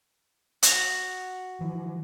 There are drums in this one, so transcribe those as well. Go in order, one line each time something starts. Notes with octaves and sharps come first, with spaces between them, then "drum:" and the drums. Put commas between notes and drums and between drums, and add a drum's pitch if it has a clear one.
F#4, drum: hi-hat
E3 F3